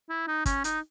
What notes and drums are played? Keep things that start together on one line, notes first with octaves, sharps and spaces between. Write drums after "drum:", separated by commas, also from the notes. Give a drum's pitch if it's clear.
E4
D#4
C#4, drum: kick, hi-hat
D#4, drum: hi-hat